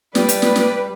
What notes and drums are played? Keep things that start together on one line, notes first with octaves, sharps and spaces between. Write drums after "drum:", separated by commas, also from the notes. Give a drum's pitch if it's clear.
G3 B4 D5, drum: snare
drum: hi-hat
drum: snare
drum: snare